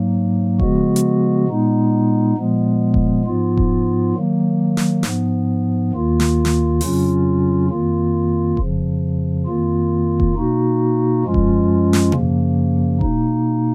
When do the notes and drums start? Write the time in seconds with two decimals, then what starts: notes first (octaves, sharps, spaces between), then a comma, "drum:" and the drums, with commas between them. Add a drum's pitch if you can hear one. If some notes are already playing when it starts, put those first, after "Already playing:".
Already playing: G#2 F#3 A#3
0.59 C#3 F3 G#3 B3 F#4, drum: kick E1
0.96 drum: hi-hat
1.48 A#2 G#3 B3 D#4
2.38 A#2 F3 G#3 B3
2.94 drum: kick E1
3.25 G#2 F3 B3 F4
3.57 drum: kick E1
4.14 D#3 F#3 A#3
4.77 drum: snare
5.03 G#2 F3 B3, drum: snare
5.92 D#2 D#3 A#3 F4
6.20 drum: snare
6.45 drum: snare
6.81 F2 C#3 F#3 C#4 F4, drum: open hi-hat
7.70 F2 D#3 A#3 F4
8.57 F2 C#3 F3, drum: kick E1
9.46 F2 D#3 A#3 F4
10.20 drum: kick E1
10.35 B2 A#3 D#4 F#4
11.24 F#2 F3 G#3 C#4 F4
11.34 drum: kick E1
11.93 drum: snare
12.12 F#2 C#3 F3 A#3, drum: tom B2
13.01 B2 A#3 D#4, drum: kick E1